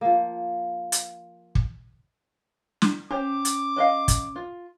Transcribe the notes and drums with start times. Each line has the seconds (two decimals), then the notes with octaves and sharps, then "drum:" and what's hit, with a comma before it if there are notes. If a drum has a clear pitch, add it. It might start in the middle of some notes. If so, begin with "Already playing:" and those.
0.01 F3 A#3
0.92 drum: hi-hat
1.55 drum: kick
2.82 drum: snare
3.11 C#4 G4 C5 D6
3.45 drum: hi-hat
3.76 D4 D#5 F5
4.08 drum: kick, hi-hat
4.36 F4